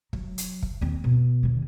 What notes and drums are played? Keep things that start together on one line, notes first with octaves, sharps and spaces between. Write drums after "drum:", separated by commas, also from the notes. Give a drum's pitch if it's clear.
F#3, drum: kick
drum: hi-hat
drum: kick
D#2 C4
B2
D#2 D3